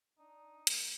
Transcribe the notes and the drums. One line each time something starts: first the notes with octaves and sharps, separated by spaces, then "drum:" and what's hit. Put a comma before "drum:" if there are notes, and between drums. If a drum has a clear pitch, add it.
D4 D#4
A#3, drum: hi-hat